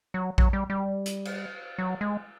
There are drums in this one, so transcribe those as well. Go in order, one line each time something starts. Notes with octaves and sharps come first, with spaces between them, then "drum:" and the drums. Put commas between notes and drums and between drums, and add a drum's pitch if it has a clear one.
F#3
F#3, drum: kick A#1
G3
G3
drum: hi-hat
drum: cymbal
F#3
G#3